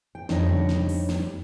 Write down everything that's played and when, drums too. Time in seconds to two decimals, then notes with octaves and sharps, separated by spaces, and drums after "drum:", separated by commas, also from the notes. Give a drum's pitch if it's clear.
0.15 G5
0.29 F2 G3 D4 D#4 C#5, drum: snare
0.49 drum: tom
0.69 drum: snare
0.89 drum: open hi-hat
1.09 drum: snare